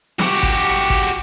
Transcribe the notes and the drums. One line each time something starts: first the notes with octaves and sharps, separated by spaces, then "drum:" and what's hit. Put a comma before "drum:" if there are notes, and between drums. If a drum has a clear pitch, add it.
F#4 G4, drum: snare
drum: kick G#1
drum: kick G#1